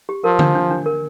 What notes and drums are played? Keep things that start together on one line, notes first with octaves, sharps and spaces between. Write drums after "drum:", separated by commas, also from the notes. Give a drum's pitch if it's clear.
G4
F3 A#4
D4, drum: tom D3
D4
D4
A#4